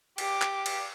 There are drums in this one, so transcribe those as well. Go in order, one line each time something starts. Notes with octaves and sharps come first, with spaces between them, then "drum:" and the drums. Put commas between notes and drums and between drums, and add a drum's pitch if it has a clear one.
G4 D6, drum: cymbal
drum: clap
drum: cymbal